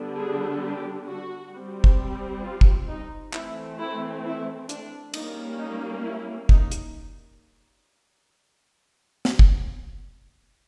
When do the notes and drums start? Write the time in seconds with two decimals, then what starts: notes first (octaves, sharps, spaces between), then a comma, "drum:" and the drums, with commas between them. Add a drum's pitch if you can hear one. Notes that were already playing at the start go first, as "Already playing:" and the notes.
Already playing: D3 G3 B3 D4
0.17 G#4
0.63 G4
1.08 F#4
1.53 G3 C4
1.84 drum: kick
2.43 F4
2.61 drum: kick
2.88 D#4
3.33 E3 A3 C4 E4, drum: clap
3.79 E4
4.24 E4
4.69 D4, drum: hi-hat
5.14 G3 A#3 C#4 D#4, drum: cymbal
5.59 D#4
6.04 E4
6.49 D#4, drum: kick
6.71 drum: hi-hat
9.25 drum: snare
9.39 drum: kick